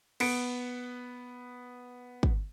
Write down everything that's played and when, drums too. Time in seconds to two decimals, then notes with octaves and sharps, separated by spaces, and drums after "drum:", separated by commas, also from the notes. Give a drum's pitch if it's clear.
0.20 B3 C#7 D7, drum: cymbal
2.23 drum: kick